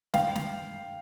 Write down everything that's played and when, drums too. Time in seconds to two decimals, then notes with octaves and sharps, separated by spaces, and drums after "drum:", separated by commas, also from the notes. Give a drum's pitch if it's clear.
0.14 F5 G5, drum: snare
0.35 drum: snare